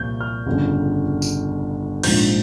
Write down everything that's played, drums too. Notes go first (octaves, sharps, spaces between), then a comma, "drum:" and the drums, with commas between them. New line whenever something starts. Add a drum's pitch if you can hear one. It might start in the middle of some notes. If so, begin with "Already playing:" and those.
Already playing: C2 A#2 F3 G6
F6
G1 F2 C#3
drum: tambourine
A#1 G#2 F3 G6, drum: cymbal